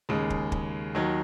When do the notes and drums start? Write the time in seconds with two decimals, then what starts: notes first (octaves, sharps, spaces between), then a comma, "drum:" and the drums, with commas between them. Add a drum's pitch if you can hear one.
0.09 D#2 C#3 G#3
0.30 drum: kick
0.52 drum: kick
0.95 D#2 D#3 F#3